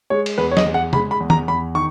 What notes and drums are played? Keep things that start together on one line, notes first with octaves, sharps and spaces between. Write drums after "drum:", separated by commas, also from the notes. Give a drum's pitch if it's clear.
G#3 C#5
drum: cymbal
E2 B4
C#5
D#5, drum: snare
E2
F#5
G#3 B5, drum: tom
B5
E2
A#5, drum: tom D#3
E2 B5
D#3 C#6